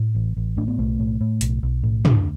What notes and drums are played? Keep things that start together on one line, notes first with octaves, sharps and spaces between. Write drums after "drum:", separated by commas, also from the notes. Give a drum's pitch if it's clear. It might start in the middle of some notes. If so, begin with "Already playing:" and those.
Already playing: A2
A1
A1
A2 D4
B3
B1 A3
A2
A2
B1, drum: hi-hat
B1
A2
D2 D4, drum: tom